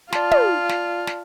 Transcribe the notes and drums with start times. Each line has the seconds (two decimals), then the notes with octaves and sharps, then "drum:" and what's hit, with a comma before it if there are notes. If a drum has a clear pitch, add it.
0.12 F4 D5 A5 C6, drum: snare
0.31 drum: tom
0.69 drum: snare
1.07 drum: snare